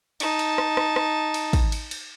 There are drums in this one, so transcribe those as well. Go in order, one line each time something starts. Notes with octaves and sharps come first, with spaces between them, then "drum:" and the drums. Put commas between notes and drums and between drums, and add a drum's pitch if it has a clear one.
D#4 A5, drum: cymbal
drum: cymbal
drum: rim click
drum: rim click
drum: rim click
drum: cymbal
drum: kick, cymbal
drum: cymbal
drum: cymbal